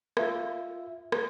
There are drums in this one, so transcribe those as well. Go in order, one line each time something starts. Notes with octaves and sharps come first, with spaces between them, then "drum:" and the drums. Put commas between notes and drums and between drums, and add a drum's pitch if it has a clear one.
F4 E5 F5, drum: rim click
drum: rim click